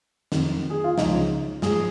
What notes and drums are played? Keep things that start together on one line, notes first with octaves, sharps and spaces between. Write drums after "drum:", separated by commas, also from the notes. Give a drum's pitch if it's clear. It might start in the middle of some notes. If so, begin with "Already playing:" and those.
F2 D#3, drum: snare
G#4
F4
C#2 C#3 F3 D#4, drum: snare
G#2 F3 G#4, drum: snare